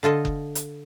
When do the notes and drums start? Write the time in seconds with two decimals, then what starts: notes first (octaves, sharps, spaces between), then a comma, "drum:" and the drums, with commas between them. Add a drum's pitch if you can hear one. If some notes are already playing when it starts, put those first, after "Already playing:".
0.03 D3 F4 A4 D#5
0.25 drum: kick F#1
0.55 drum: hi-hat